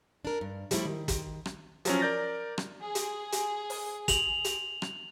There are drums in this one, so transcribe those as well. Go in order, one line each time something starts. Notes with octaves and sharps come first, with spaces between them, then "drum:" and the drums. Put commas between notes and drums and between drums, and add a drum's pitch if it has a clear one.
D4 A#4
G2
F3 G3 A3 C#4 E4, drum: hi-hat
D#3
drum: kick, hi-hat
drum: rim click
F3 F#3 C#4, drum: hi-hat
A#4 D5 G6 A6 A#6
drum: rim click
G#4
drum: hi-hat
drum: hi-hat
drum: open hi-hat
F7 F#7, drum: kick, hi-hat
drum: hi-hat
drum: rim click